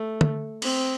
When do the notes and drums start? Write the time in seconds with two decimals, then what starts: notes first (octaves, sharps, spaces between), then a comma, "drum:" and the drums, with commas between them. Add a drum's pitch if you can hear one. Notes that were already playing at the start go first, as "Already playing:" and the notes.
Already playing: A3
0.21 drum: tom
0.62 C4, drum: cymbal